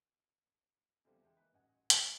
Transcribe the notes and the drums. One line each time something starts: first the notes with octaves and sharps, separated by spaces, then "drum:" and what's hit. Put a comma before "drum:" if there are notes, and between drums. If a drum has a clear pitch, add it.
E2 D3 E3 F3 G3 C4
E3 G#3 G5
E3 A#3 D#4 B4
D#1 A1 D#5 F#5 G#5
A#1, drum: hi-hat